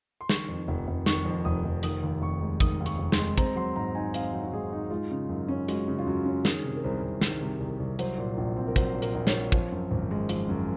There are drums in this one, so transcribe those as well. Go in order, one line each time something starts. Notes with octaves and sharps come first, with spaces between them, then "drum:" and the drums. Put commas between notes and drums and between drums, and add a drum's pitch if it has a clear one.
C6
D#3 C#6, drum: snare
F2
F1
F1
D#3 C#6, drum: snare
F2
F1 D#6
F1
D#3 D#6, drum: hi-hat
D#2
F1 C#6
G#3
D#3 D#6, drum: kick, hi-hat
D#2
C#6, drum: hi-hat
F1
C6, drum: snare
G#3
C4 A#5, drum: kick, hi-hat
F#3 C6
G#2 A#5
D#4 G#5
C4 F5, drum: hi-hat
F#3
F#4
G#2 G#4
D#4
G#3 F4
C#3
F#2
C#4
G#3 F#4, drum: hi-hat
C#3
F4
F#2 F#4
C#4
D#3 G#4, drum: snare
C3
A#4
C2 C5
C2
D#3, drum: snare
C3
C2
C2
F#3 C5, drum: hi-hat
A#2
A#1
C4
A#4
F#3 C5, drum: kick, hi-hat
A#2
A#4, drum: hi-hat
A#1
C#5, drum: snare
C4
F3, drum: kick
F#2
G#1
G#3
F3, drum: hi-hat
F#2